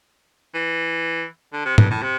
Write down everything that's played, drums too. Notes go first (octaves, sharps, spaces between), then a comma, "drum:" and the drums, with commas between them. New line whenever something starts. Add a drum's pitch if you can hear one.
E3
D3
C3
G2, drum: tom
A2
C3